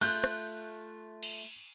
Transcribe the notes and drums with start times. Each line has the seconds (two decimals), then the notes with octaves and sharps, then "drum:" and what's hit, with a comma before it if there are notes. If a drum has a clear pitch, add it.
0.01 A3 F4 F#6 G6, drum: cymbal
0.24 drum: rim click
1.23 drum: cymbal